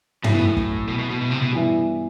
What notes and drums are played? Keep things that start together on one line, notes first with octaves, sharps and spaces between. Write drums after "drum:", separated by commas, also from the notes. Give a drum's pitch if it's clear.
F#2 A2 E3 A3 E4, drum: tom
B2
A2
drum: kick
B2
B2
B2
B2
C3
B2
G2 E3 B3 E4